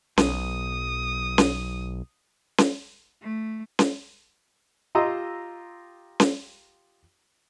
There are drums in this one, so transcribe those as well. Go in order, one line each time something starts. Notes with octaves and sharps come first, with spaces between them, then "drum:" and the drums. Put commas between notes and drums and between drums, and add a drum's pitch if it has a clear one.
B1 D#6, drum: snare C#4
drum: snare C#4
drum: snare C#4
A3
drum: snare C#4
F4 G4 D#5 A#5 C6 E6
drum: snare C#4